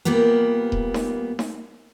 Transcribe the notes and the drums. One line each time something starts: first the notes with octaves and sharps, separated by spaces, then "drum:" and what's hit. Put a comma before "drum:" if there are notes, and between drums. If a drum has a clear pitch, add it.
A#2 G3 A#3 B3
drum: kick D#1
drum: snare D#4
drum: snare D#4